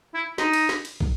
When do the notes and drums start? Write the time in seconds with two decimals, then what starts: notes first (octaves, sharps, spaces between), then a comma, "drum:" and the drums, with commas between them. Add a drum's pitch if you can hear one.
0.14 E4
0.38 D#4, drum: snare
0.53 drum: cymbal
0.69 drum: snare
0.85 drum: cymbal
1.01 drum: kick